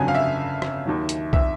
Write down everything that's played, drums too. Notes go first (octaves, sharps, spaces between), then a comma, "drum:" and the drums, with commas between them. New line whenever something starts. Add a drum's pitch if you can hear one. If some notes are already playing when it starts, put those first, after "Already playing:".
Already playing: G1 F2 C#3 F#3 G#5
F5
E5
drum: rim click
D#2 D#3 F#3
drum: hi-hat
E5, drum: kick B1